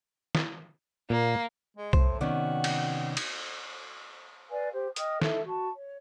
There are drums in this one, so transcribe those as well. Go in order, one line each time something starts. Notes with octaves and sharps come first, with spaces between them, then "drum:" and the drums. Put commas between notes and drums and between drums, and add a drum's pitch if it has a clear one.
drum: snare
A#2 A#3
G#3
A2 C5, drum: kick
C3 D#3 B3 C#4 F#4 D5
drum: cymbal
drum: cymbal
B4 D5 F5 G#5
G4 C5
D#5 G5 D#6 F6, drum: hi-hat
D#4 A4 E5, drum: snare
F#4 A5 C#6
C#5